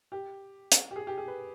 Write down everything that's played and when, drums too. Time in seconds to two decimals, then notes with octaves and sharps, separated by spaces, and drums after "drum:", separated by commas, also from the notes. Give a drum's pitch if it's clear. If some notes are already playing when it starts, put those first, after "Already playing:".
0.12 G4
0.72 drum: hi-hat
0.91 G4
0.96 G#4
1.07 G4
1.18 G#4
1.28 B4